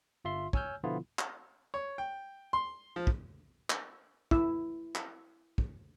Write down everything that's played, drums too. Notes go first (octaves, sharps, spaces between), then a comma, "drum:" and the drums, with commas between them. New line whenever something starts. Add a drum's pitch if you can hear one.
G1 F4 E5 C6
C#5 G#5 E6 F6 G6, drum: kick
B2 D3 F3 B3 E4 F4
drum: clap
C#5
G5
C6
F3
drum: kick
drum: clap
E4 E6, drum: kick
drum: clap
drum: kick